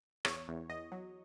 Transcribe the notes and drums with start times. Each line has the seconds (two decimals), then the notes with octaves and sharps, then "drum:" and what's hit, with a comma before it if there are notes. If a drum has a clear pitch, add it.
0.25 E2 C#5, drum: rim click
0.48 E2
0.69 E2 D#5
0.92 F#3